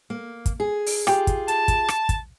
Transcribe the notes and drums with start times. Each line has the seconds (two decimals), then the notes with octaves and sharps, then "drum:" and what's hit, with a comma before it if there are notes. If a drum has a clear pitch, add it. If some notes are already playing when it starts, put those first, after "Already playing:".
0.10 A#3
0.46 drum: kick, hi-hat
0.60 G#4
0.86 drum: open hi-hat
1.07 F4 G4 G#4 G5, drum: rim click
1.27 drum: kick, hi-hat
1.48 A5, drum: hi-hat
1.68 drum: kick, hi-hat
1.88 drum: rim click
2.09 drum: kick, hi-hat